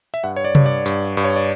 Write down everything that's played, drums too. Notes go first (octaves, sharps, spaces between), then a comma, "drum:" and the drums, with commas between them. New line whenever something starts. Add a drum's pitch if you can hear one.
E5, drum: hi-hat
G2 F#5
C#5
D5
G2, drum: tom C3
D5
G2, drum: tambourine
G2
C#5
D5